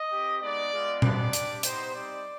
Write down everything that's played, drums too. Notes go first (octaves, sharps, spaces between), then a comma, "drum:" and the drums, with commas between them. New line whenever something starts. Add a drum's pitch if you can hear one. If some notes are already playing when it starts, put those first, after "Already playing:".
Already playing: D#5
C4 G4
G#3 B3 D#4 D5
G#3 B3 F4
G#3 B3 D4 G4 D5, drum: tom A#2
G3 D4 G4, drum: hi-hat
B3 D#4 G4 C5, drum: hi-hat
G3 C4 D#4 G4 D5